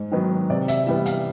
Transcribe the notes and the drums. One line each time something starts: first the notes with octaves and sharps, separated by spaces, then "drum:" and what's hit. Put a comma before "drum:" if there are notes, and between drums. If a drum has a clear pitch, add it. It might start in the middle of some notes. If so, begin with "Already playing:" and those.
Already playing: G#2
D#3 F#3 B3
C3 D5
E5, drum: hi-hat
E3 G3 B3 E5
F5, drum: hi-hat